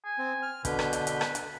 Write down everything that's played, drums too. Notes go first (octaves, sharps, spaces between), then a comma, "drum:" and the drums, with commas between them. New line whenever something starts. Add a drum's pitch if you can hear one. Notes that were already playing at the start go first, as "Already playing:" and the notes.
G#5
C4
F6
B2 D3 B4 G6, drum: kick, hi-hat
drum: rim click
drum: hi-hat
drum: hi-hat
drum: rim click
drum: hi-hat